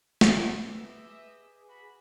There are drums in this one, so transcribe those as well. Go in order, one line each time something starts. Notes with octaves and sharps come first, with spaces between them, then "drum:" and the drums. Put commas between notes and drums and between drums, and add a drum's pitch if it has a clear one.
G#3 B4 D6, drum: snare
G4 G#4 D#5 E5
F#4 B5